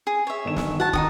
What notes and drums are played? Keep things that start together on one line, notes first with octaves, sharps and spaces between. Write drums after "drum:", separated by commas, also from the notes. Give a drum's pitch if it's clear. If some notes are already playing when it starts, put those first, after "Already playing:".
G#4
C#5 E5
G1 D#3 E7
drum: snare
F#4 F#5 A5
D#3 D#4 F#4 D#6, drum: kick